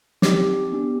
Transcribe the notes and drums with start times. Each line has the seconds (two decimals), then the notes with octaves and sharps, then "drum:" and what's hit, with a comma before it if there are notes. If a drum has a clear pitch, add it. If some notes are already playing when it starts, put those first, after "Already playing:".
0.22 C4 D#4 G4 D6, drum: snare
0.72 B3 D4 G4